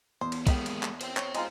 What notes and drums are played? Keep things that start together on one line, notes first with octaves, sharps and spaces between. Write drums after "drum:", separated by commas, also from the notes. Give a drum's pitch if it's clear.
E2 C5
drum: cymbal
G#3 A#3 B3 E5 G5, drum: kick, cymbal
drum: cymbal
drum: clap
C5 G5, drum: cymbal
C#5, drum: clap
G#3 D#4 F4, drum: cymbal